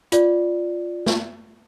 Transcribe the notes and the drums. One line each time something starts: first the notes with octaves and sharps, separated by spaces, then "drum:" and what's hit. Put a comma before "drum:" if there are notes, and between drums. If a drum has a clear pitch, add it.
F4 D5, drum: hi-hat
drum: snare